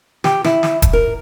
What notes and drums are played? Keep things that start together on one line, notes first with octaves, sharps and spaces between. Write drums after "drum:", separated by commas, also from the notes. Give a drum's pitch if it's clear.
G4, drum: snare
E4, drum: snare
drum: snare
drum: kick E1, hi-hat
A#4